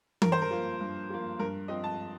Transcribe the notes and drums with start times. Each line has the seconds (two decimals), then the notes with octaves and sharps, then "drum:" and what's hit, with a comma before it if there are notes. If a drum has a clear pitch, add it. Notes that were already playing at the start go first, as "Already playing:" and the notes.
0.22 G2 A#4, drum: tom
0.32 C5
0.42 A#4
0.51 F3 A#3
0.81 G2
1.10 F3 A#3
1.39 G2 A#4
1.68 F3 C4 D#5
1.84 A5